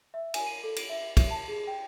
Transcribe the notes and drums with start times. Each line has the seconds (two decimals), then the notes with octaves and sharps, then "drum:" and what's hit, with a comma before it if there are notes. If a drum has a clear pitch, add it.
0.14 E5
0.34 G#5, drum: cymbal
0.47 D#7
0.64 A4
0.76 D7, drum: cymbal
0.90 E5
1.17 E5, drum: kick, cymbal
1.30 A5
1.48 G#4
1.67 G5